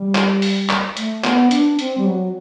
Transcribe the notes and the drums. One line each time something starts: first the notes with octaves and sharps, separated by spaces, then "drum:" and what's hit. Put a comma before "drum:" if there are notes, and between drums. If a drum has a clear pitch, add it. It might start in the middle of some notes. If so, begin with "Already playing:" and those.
Already playing: G3
drum: clap
drum: open hi-hat
drum: clap
A3, drum: hi-hat
B3, drum: clap
D4, drum: hi-hat
C4, drum: hi-hat
G3
F#3